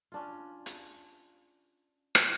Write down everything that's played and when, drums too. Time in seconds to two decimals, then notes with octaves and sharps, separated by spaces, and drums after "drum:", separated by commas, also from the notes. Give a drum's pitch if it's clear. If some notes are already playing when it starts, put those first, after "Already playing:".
0.12 C#4 D4 F4
0.66 drum: hi-hat
2.15 drum: rim click